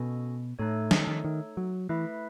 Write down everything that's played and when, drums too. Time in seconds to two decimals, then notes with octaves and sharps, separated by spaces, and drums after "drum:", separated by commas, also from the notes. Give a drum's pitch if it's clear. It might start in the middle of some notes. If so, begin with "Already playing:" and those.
Already playing: B2 C#4 F#4 A4 D#5 G#5
0.59 A2 A3 D#4 A4 C#5
0.91 D#3, drum: snare
1.07 D#3
1.25 D#3
1.57 F#3
1.89 E3 A3 E4 B4 E5